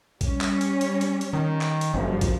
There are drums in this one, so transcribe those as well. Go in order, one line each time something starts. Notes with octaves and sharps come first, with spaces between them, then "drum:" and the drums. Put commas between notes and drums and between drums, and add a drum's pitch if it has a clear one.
G3 C#4, drum: kick, hi-hat
drum: clap
drum: hi-hat
drum: hi-hat
drum: hi-hat
drum: hi-hat
D#3
drum: clap
drum: hi-hat
G1 F#2 F3
drum: kick, hi-hat